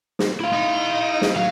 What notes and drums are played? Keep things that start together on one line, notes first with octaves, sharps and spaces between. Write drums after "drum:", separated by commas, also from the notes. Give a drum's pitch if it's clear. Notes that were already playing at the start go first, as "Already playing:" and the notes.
drum: snare
E4 F5
D#4
drum: snare
F#3 F5